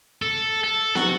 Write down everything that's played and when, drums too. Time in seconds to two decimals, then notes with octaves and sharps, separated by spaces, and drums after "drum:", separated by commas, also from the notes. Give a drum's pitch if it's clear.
0.22 A4
0.64 A4
0.95 F#4, drum: snare